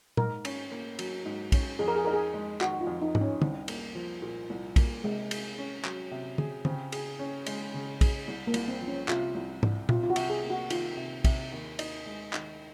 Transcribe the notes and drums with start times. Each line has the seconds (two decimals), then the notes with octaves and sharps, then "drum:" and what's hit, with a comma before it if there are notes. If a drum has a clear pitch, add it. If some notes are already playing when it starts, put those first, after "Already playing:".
0.17 G#2 A#4, drum: tom A#2
0.45 C#4, drum: cymbal
0.72 A#3
0.99 F#3, drum: cymbal
1.25 G#2
1.52 C#4, drum: kick, cymbal
1.79 F2 G#4
1.88 A#4
1.96 G#4
2.05 D#4 A#4
2.13 G#4
2.34 G#3
2.61 D#3 F#4, drum: clap
2.81 F4
2.87 F2
3.02 D#4
3.15 D#4, drum: tom G#2
3.21 C#4
3.42 C2 C4, drum: tom
3.68 A#3, drum: cymbal
3.95 F3
4.22 A#2
4.50 C2
4.76 A#3, drum: kick, cymbal
5.04 C3 G#3
5.31 G#4, drum: cymbal
5.58 C#4
5.85 F#3, drum: clap
6.11 C3
6.38 G#4, drum: tom
6.65 C#3 C4, drum: tom
6.92 G#4, drum: cymbal
7.19 C#4
7.46 G#3, drum: cymbal
7.74 C#3
8.01 G#4, drum: kick, cymbal
8.28 C2
8.47 A#3
8.54 C2, drum: cymbal
8.68 C4
8.81 F3
8.88 C#4
9.08 C3 F4, drum: clap
9.35 C2
9.63 C2, drum: tom G#2
9.89 C3 F4, drum: tom A#2
10.04 F4
10.10 F#4
10.16 C3, drum: cymbal
10.30 G#4
10.44 A#3
10.50 F#4
10.70 D#3 F4, drum: cymbal
10.97 C3
11.24 C3, drum: kick, cymbal
11.52 D#2
11.79 D#4, drum: cymbal
12.06 G#3
12.33 D#3, drum: clap